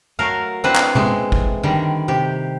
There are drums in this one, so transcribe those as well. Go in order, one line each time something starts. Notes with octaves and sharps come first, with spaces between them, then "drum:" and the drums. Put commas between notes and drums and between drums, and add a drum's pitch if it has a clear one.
F#3 A3 A#4 F5
C4 D4 E4 B4 C5
drum: clap
G#3 A3, drum: tom A#2
drum: kick
D3 D#3 G3
C3 G4